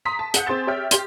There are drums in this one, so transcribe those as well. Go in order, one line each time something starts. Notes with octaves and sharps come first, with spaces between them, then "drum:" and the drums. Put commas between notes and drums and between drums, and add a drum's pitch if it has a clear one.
A#5 C6 D#6 B6
A5
G#4 F#5 G6, drum: hi-hat
C4 G#4 C6 G6 A6 E7
G4 C#5 E5 G5 F6
G4 C6, drum: hi-hat